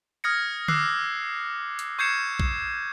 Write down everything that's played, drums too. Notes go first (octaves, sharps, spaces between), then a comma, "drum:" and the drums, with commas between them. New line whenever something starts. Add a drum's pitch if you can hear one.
D#6 F6 G#6 A#6 C#7
D6 E6 F#6 C7, drum: tom D3
drum: hi-hat
C#6 G6 G#6 C7 C#7 E7
drum: kick B1